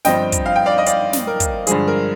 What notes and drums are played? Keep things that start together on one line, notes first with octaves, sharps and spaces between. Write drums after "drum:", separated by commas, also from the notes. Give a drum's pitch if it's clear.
G1 G2 F3 C4 D#5 G5, drum: snare
drum: kick, hi-hat
F5
G5
D5 F5
D#5
D5 F5, drum: hi-hat
drum: snare
A#4
drum: kick, hi-hat
G2 D3 F3 G#3 G#4, drum: hi-hat
A#4